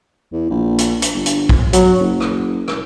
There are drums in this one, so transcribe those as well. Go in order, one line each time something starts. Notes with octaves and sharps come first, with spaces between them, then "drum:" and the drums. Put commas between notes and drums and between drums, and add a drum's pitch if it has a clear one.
E2
A#1
drum: hi-hat
drum: hi-hat
G1
drum: hi-hat
drum: kick A#1
F#3, drum: hi-hat
F#1
drum: rim click
drum: rim click